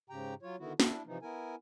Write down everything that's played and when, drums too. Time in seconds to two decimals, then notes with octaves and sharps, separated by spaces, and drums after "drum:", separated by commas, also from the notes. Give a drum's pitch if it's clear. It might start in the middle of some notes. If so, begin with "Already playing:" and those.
0.10 G#2 C#3 G4 G5 A#5
0.42 F#3 F4 C#5
0.59 D3 D#3 B3 E4 F#4
0.80 D4 E4, drum: snare
1.06 C3 E3 F3 D#4
1.22 B3 E4 A#4 G#5